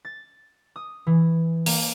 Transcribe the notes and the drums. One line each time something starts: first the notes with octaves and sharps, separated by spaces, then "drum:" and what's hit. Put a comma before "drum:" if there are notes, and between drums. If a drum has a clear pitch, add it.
A6
D#6
E3
A#3, drum: open hi-hat